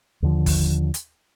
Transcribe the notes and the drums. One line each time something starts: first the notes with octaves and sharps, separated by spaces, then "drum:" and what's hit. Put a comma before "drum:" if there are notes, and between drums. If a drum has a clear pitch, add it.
D#2 D3 F3
drum: kick, open hi-hat
drum: hi-hat